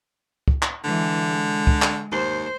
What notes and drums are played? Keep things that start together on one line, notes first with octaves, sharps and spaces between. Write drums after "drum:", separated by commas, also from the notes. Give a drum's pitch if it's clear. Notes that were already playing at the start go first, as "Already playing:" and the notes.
drum: kick C#2
drum: clap
D3 E3 G#3
G#3
drum: kick C#2
drum: clap
D#2 C5